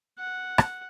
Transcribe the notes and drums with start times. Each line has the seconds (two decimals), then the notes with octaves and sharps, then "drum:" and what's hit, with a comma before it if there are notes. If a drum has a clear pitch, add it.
0.19 F#5
0.58 drum: rim click